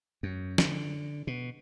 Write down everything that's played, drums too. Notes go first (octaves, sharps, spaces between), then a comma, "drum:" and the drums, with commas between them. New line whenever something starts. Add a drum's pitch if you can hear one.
F#2
D3, drum: snare
B2